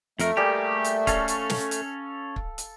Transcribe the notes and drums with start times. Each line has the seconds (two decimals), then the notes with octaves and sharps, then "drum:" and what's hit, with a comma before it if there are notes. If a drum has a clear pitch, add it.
0.19 F2 A3 A#4, drum: hi-hat
0.37 G3 A#3 G4 G#4
0.84 drum: hi-hat
1.07 C#4 A4 F5, drum: kick, hi-hat
1.28 drum: hi-hat
1.50 drum: snare
1.71 drum: hi-hat
2.36 drum: kick
2.58 drum: hi-hat